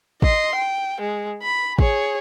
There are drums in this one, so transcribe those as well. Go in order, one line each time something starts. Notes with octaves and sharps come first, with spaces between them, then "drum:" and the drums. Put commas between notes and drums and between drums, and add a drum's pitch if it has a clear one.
D#5 C6, drum: kick
G5
G#3
B5
G#4 C#5, drum: kick